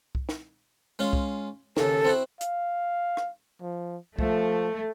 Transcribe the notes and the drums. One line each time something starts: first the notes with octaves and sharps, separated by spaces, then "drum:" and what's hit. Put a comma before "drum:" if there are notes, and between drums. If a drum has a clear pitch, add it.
drum: kick C2
drum: snare
G#3 C#4 F4
drum: kick C2
D#2 C#3 A4, drum: snare
C4 E4 F#4
F5, drum: hi-hat
drum: rim click
F3
F3 A3, drum: kick C2